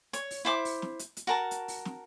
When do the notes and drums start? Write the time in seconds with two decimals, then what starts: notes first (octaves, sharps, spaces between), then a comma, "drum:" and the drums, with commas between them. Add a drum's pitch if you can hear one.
0.13 C#5, drum: hi-hat
0.31 drum: open hi-hat
0.45 E4 C5 D6
0.65 drum: open hi-hat
0.82 drum: snare
0.99 drum: hi-hat
1.17 drum: hi-hat
1.27 F#4 A#4 A5
1.51 drum: hi-hat
1.68 drum: open hi-hat
1.85 drum: snare